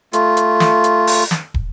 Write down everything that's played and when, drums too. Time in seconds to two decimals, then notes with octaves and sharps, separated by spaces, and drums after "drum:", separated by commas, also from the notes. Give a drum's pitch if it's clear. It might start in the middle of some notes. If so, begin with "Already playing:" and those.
0.13 A3 F4, drum: hi-hat
0.37 drum: hi-hat
0.60 drum: snare
0.84 drum: hi-hat
1.07 drum: open hi-hat
1.31 drum: snare
1.54 drum: kick